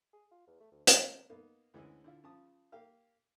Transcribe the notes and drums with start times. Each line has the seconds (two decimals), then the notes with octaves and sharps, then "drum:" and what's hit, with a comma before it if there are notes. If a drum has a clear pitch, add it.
0.13 G#4
0.31 F4
0.47 E2
0.60 A3
0.72 D2
0.87 drum: hi-hat
1.30 A#3 B3 D#4
1.74 D2 E3 G#3 C#4 E4
2.04 D3 E4 F4
2.24 C#3 F3 A5 D#6
2.72 A#3 G4 F5